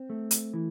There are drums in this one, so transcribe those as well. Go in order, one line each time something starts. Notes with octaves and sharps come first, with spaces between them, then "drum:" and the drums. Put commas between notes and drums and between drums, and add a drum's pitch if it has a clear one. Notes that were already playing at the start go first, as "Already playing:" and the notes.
Already playing: C4
A3
drum: hi-hat
E3